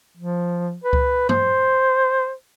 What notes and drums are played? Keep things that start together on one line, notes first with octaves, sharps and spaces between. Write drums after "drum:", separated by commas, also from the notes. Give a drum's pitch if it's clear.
F3
B4
drum: kick C#2
C5, drum: tom